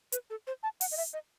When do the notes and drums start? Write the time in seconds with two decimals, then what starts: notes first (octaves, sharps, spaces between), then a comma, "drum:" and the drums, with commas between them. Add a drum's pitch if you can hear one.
0.12 B4, drum: hi-hat
0.30 A4
0.47 C5
0.63 A5
0.81 F#5, drum: open hi-hat
0.92 D#5
0.97 E5
1.13 D#5